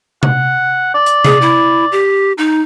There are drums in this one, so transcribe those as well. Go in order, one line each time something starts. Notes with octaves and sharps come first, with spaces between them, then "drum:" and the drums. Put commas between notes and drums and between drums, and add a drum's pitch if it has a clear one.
F#5, drum: tom C3
D5
drum: hi-hat
G#4, drum: tom C3
E4
G4
D#4